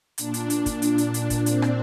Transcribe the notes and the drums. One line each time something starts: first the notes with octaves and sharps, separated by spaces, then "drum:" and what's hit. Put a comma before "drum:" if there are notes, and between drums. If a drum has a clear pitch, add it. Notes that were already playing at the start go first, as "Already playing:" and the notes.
A#2 D4, drum: hi-hat
drum: hi-hat
drum: hi-hat
drum: kick, hi-hat
drum: hi-hat
drum: hi-hat
drum: hi-hat
drum: kick, hi-hat
C4, drum: hi-hat
drum: rim click